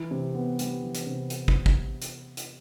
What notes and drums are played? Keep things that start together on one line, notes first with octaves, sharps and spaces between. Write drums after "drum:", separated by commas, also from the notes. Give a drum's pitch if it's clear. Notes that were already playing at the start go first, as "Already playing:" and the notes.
Already playing: E3
C3
B3
G3, drum: hi-hat
E3
drum: hi-hat
C3
drum: hi-hat
drum: kick
drum: kick
drum: hi-hat
drum: hi-hat